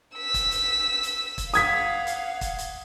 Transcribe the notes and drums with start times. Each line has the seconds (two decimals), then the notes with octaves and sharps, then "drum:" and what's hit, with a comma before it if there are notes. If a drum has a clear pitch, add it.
0.17 E6 B6
0.34 drum: kick, hi-hat
0.51 drum: hi-hat
1.03 drum: hi-hat
1.38 drum: kick, hi-hat
1.54 F5 F#5 D#6 G#6 B6, drum: hi-hat
2.07 drum: hi-hat
2.41 drum: kick, hi-hat
2.58 drum: hi-hat